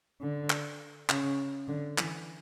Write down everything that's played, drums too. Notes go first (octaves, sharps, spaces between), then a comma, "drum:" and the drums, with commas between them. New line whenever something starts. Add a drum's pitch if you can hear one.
D3
drum: clap
C#3, drum: clap
D3
E3, drum: clap